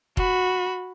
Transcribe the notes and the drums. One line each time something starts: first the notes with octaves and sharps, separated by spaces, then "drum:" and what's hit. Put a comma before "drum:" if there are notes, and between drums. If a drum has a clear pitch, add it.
F#4 B5, drum: kick F1